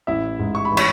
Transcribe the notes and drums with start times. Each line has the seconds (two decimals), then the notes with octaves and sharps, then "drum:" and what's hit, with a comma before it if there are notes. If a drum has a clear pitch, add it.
0.07 A1 E4 E5
0.39 G#2
0.55 C#6
0.65 B5
0.71 E3
0.77 C#5 C#6, drum: cymbal